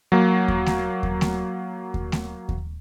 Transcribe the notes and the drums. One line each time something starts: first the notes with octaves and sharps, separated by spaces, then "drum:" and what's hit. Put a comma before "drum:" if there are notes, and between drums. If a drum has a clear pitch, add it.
F#3 A#3
drum: kick D#2
drum: snare A3
drum: kick D#2
drum: snare A3
drum: kick D#2
drum: snare A3
drum: kick D#2